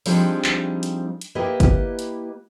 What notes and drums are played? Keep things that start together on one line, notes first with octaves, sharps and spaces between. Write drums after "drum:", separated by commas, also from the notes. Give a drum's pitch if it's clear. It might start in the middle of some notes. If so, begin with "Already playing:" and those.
F3 G3 G#3 C4 D4 D#4, drum: open hi-hat
drum: clap
drum: hi-hat
drum: hi-hat
A#3 E4 G4 B4 D#5
drum: kick G1, hi-hat
drum: hi-hat